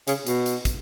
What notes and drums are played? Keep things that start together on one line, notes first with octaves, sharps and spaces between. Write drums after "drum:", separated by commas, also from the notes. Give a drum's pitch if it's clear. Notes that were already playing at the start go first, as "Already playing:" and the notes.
C#3, drum: hi-hat
B2, drum: hi-hat
drum: hi-hat
drum: kick, hi-hat